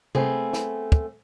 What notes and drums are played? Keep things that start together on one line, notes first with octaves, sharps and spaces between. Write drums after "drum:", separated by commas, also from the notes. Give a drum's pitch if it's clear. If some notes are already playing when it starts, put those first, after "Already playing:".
A3 B3 C4 G#4, drum: tom C3
drum: snare
drum: kick